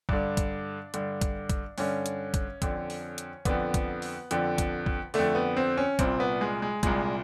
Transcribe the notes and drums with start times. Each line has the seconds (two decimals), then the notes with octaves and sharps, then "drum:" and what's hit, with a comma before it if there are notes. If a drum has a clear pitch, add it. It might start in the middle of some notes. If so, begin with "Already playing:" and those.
0.09 G2 D3 D4, drum: kick
0.37 drum: kick, hi-hat
0.94 G2 D3, drum: hi-hat
1.21 drum: kick, hi-hat
1.50 drum: kick, hi-hat
1.78 G2 D3 C#4, drum: open hi-hat
2.06 drum: hi-hat
2.34 drum: kick, hi-hat
2.62 F2 D3, drum: kick, hi-hat
2.90 drum: open hi-hat
3.18 drum: hi-hat
3.45 F2 D3 B3, drum: kick, hi-hat
3.74 drum: kick, hi-hat
4.02 drum: open hi-hat
4.31 F2 D3, drum: hi-hat
4.58 drum: kick, hi-hat
4.86 drum: kick
5.14 F2 D3 A3, drum: open hi-hat
5.35 B3
5.57 C4
5.78 C#4
5.99 C2 A#2 C4, drum: kick, hi-hat
6.20 B3
6.41 G#3
6.62 G#3
6.83 C2 A#2 G#3, drum: kick, hi-hat